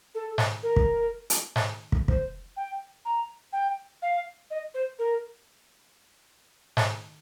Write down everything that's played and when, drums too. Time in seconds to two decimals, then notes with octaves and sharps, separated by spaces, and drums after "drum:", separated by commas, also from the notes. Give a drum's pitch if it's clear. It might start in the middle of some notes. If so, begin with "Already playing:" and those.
0.15 A4
0.38 drum: snare G#2
0.63 A#4
0.76 drum: kick
1.30 drum: hi-hat
1.56 drum: snare G#2
1.92 drum: kick
2.08 C5, drum: kick
2.57 G5
3.05 A#5
3.53 G5
4.02 F5
4.50 D#5
4.74 C5
4.99 A#4
6.77 drum: snare G#2